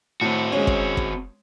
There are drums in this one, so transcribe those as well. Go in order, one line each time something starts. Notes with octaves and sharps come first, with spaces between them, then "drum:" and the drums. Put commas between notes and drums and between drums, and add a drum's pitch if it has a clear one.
A2 C4 F#4
G#3 C#4
drum: kick
drum: kick